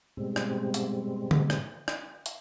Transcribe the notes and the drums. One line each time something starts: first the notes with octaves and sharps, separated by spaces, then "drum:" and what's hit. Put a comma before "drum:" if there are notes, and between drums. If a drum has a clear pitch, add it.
G#2 B2 G3 G#3 C4
drum: rim click
drum: hi-hat
drum: tom D3
drum: rim click
drum: rim click
drum: hi-hat